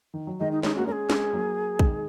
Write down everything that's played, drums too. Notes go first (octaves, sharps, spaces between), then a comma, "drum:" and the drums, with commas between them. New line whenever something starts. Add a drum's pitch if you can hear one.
D#3
F#3
D#3 G#3 D#5
D#4
G#3 C#4 D#4, drum: snare
A#3 F#4
G#3 C#4 A#4
G#4
G#3 C#4, drum: snare
F#3 A#3
D#3 G#3, drum: kick